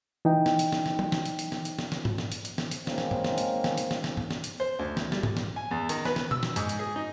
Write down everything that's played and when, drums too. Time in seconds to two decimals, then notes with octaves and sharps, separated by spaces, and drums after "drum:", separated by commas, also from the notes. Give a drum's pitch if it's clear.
0.25 E3 D#4 G5
0.46 drum: snare
0.59 drum: hi-hat
0.72 drum: snare
0.86 drum: snare
0.99 drum: tom F#3
1.12 drum: snare
1.26 drum: hi-hat
1.39 drum: hi-hat
1.52 drum: snare
1.65 drum: hi-hat
1.79 drum: snare
1.92 drum: snare
2.05 drum: tom G#2
2.18 drum: snare
2.32 drum: hi-hat
2.45 drum: hi-hat
2.58 drum: snare
2.71 drum: hi-hat
2.87 D#3 G#3 A#3 C4 C#4, drum: snare
2.98 drum: snare
3.11 drum: tom G2
3.24 drum: snare
3.38 drum: hi-hat
3.64 drum: snare
3.78 drum: hi-hat
3.91 drum: snare
4.04 drum: snare
4.17 drum: tom G2
4.31 drum: snare
4.44 drum: hi-hat
4.60 C5
4.79 D2
4.97 drum: snare
5.12 G3, drum: snare
5.23 drum: tom G#2
5.37 drum: snare
5.56 G#5
5.71 E2
5.89 D#3, drum: hi-hat
6.05 B4, drum: snare
6.16 drum: snare
6.31 E6, drum: tom B2
6.43 drum: snare
6.56 G#2, drum: hi-hat
6.69 drum: hi-hat
6.79 G#4
6.96 D#4